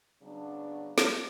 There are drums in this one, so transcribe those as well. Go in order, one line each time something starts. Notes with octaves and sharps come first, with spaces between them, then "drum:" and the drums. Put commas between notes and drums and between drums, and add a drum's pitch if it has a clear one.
C#3 F#3 B3 D4
drum: snare